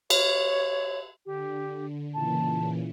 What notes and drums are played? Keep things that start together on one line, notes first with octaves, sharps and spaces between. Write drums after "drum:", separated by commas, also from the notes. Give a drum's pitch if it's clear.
C#5, drum: cymbal
D3 G4
A#2 C#3 E3 A5